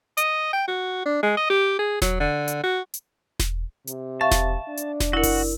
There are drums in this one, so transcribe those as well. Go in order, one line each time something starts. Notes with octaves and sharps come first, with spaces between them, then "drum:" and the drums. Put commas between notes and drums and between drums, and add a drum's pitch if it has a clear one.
D#5, drum: hi-hat
G5
F#4
D4
G#3
D#5
G4
G#4
F#3, drum: snare E1
D3
drum: hi-hat
F#4
drum: hi-hat
drum: snare E1
C3, drum: hi-hat
E5 F5 A5 C#6
drum: snare E1
D4
drum: hi-hat
drum: snare E1
E4 F#4 A#4 F#5
drum: kick F#1, open hi-hat